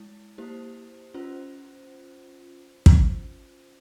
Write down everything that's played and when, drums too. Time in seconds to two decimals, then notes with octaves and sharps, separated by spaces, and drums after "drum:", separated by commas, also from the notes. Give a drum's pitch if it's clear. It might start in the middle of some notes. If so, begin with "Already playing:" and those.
Already playing: G#3 E4
0.38 A#3 E4 G4 C5
1.14 C#4 F4 C5
2.86 drum: kick